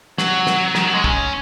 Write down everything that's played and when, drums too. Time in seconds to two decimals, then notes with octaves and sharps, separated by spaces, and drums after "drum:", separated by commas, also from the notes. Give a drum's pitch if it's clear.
0.18 F#3, drum: snare
0.47 drum: snare
0.75 D#3, drum: snare
0.85 F#3
0.94 G#3
1.04 C#4, drum: kick